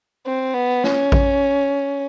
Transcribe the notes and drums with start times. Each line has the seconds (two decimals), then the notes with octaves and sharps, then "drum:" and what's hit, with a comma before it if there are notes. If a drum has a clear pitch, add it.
0.26 C4
0.54 B3
0.84 C#4, drum: snare
1.12 drum: kick A1